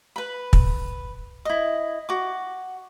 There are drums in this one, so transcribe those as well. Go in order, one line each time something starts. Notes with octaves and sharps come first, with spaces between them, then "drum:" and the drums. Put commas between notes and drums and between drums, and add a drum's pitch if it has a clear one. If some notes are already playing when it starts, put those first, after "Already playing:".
B4 B5
drum: kick
E4 D#5
F#4 D6